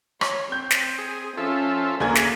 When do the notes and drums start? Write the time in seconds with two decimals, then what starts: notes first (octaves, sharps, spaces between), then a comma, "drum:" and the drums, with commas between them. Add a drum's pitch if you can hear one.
0.21 C#5, drum: rim click
0.52 C4 G6
0.71 drum: snare
0.98 G#4
1.37 F3 C#4 F4 A4 E5
2.00 D2 A#3 G#4 G#6
2.15 drum: snare